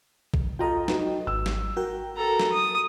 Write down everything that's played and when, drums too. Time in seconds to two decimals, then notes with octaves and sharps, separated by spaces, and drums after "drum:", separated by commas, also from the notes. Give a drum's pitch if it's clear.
0.34 drum: kick A1
0.59 F4 A4 D#5 G5 A#5
0.88 D#4 F#4 B4, drum: snare
1.27 G#1 E6
1.46 drum: snare
1.77 F#4 A#4 G5
2.16 A4 A#5
2.40 drum: snare
2.52 A4 D#6